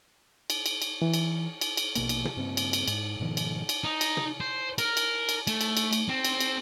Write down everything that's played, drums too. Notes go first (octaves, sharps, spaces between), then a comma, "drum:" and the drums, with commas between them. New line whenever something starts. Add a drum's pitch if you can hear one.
drum: cymbal
drum: cymbal
drum: cymbal
E3
drum: cymbal
drum: cymbal
drum: cymbal
A#1 B2 A#3, drum: cymbal
drum: cymbal
drum: tom
G2 C#3 A#3 C4
drum: cymbal
drum: cymbal
G#2, drum: cymbal
G#2 B2 D#3 F3
drum: cymbal
drum: cymbal
D#4
drum: cymbal
drum: tom
C5
A#4, drum: cymbal
drum: cymbal
drum: cymbal
A3, drum: cymbal
drum: cymbal
drum: cymbal
drum: cymbal
C4
drum: cymbal
drum: cymbal